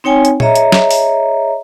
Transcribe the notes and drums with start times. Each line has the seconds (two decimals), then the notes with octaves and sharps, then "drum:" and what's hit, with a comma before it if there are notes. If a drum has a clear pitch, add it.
0.04 C4 D#4 C#5 G5 G#5
0.25 drum: hi-hat
0.40 G#4 C#5 D#5 E5 A#5, drum: tom A#2
0.55 drum: hi-hat
0.72 drum: snare
0.91 drum: open hi-hat